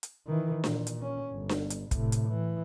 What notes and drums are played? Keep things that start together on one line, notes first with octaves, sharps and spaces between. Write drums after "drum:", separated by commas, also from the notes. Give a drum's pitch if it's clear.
drum: hi-hat
D#3 E3
A#2, drum: snare D4
drum: hi-hat
C#4
G1
drum: snare D4
drum: hi-hat
A2 C3, drum: kick, hi-hat
drum: hi-hat
E3